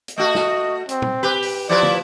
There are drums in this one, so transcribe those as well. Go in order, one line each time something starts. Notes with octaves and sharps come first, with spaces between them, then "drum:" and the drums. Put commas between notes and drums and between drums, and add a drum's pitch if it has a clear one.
drum: hi-hat
A3 F#4 D#5
drum: snare
C4, drum: hi-hat
drum: tom
G4 B4
drum: open hi-hat
F3 E4 B4 D5
drum: tom